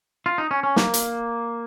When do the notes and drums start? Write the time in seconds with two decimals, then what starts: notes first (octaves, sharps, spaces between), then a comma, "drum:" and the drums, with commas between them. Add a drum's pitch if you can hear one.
0.26 F4
0.38 D#4
0.51 C#4
0.63 C#4
0.76 A#3, drum: snare
0.94 drum: hi-hat